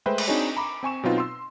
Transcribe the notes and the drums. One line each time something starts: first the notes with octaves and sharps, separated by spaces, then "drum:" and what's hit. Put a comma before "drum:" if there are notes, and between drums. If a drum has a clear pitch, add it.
G#3 A3 B4 C5 E5 G5
drum: cymbal
C4 D4 D#4 F#4 G#4 C#5
A#5 B5 D6
C4 G#5 C#6 E7
B2 F#3 C4 D#4 F4 B4
C6 E6